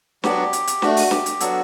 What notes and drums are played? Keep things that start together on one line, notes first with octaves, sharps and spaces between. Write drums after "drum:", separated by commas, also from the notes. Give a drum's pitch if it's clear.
F#3 B3 D4 F#4 G4, drum: snare
drum: hi-hat
drum: hi-hat
A3 D4 F#4, drum: snare
drum: open hi-hat
G4, drum: snare
drum: hi-hat
F#3 B3 D4 F#4 A4, drum: hi-hat